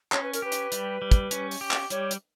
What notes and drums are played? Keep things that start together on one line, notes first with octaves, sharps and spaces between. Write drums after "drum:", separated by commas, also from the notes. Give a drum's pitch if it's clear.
C#4 C#5, drum: clap
B4
A#4, drum: hi-hat
G4 B4
drum: hi-hat
G3, drum: hi-hat
G3
drum: kick, hi-hat
C#4, drum: hi-hat
drum: open hi-hat
G4
drum: clap
G3 C#5, drum: hi-hat
drum: hi-hat